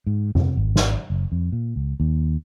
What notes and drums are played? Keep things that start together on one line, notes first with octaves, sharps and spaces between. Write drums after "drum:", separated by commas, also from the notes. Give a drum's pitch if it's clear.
G#2
C3, drum: tom F2
G#1
drum: snare
F#1
F2
A#2
C#2
D#2